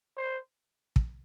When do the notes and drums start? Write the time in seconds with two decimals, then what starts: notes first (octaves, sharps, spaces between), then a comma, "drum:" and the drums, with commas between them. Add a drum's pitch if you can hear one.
0.17 C5
0.96 drum: kick